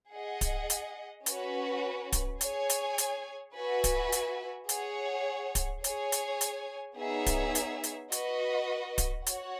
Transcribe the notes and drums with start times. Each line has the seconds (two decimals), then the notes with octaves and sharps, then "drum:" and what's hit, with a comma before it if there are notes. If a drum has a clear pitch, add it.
0.13 G#4 D#5 F#5
0.41 drum: kick D1, hi-hat
0.70 drum: hi-hat
1.26 C#4 F#4 B4, drum: hi-hat
2.12 drum: kick D1, hi-hat
2.41 G#4 C#5 G#5, drum: hi-hat
2.70 drum: hi-hat
2.98 drum: hi-hat
3.56 F#4 B4 E5 G#5
3.84 drum: kick D1, hi-hat
4.12 drum: hi-hat
4.69 G#4 C#5 F#5, drum: hi-hat
5.55 drum: kick D1, hi-hat
5.84 G#4 C#5 G#5, drum: hi-hat
6.12 drum: hi-hat
6.41 drum: hi-hat
6.98 B3 D#4 G#4 C#5 E5
7.26 drum: kick D1, hi-hat
7.55 drum: hi-hat
7.84 drum: hi-hat
8.12 F#4 B4 D#5, drum: hi-hat
8.98 drum: kick D1, hi-hat
9.26 F#4 C#5 F#5, drum: hi-hat